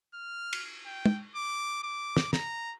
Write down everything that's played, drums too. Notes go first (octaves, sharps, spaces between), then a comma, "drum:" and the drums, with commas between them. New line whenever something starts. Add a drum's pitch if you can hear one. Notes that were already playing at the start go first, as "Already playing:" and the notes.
F6
drum: cymbal
G5
drum: tom
D6
D6
drum: snare
A#5, drum: snare